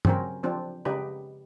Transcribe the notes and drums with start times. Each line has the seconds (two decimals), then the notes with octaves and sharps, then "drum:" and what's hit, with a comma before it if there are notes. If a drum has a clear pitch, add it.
0.05 C#3 F#3 C4 C#4 A#4, drum: tom
0.43 F3 C4 D4
0.85 C#3 D#4 G4 B4